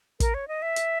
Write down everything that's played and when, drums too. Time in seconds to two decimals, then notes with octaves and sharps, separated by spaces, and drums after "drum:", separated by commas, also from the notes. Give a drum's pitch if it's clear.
0.20 A#4, drum: kick, hi-hat
0.34 C#5
0.48 D#5
0.62 E5
0.76 drum: hi-hat